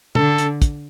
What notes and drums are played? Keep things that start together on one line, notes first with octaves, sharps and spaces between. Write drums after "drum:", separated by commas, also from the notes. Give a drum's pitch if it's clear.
D3 A4, drum: tom
drum: hi-hat
drum: kick, hi-hat